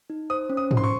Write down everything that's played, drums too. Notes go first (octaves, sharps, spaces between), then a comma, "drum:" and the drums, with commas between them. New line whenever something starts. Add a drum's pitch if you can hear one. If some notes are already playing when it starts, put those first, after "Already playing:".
D#4
C5 D#6
C#4
D#6
C5, drum: tom G#2
C6
C#6